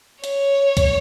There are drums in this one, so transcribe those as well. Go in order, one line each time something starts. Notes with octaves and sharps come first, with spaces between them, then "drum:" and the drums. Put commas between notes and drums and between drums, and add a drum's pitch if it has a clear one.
C#5, drum: hi-hat
drum: kick C#2, hi-hat